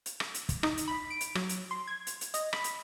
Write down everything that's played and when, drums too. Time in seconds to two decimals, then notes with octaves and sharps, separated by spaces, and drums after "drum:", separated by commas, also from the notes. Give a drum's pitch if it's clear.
0.06 drum: hi-hat
0.20 drum: rim click
0.34 drum: hi-hat
0.49 drum: kick, hi-hat
0.63 D#4, drum: rim click
0.77 drum: hi-hat
0.88 B5
1.10 D7
1.21 drum: hi-hat
1.35 F#3, drum: rim click
1.49 drum: hi-hat
1.71 C6
1.87 G#6
2.07 drum: hi-hat
2.21 drum: hi-hat
2.34 D#5, drum: hi-hat
2.53 B5, drum: rim click
2.64 drum: hi-hat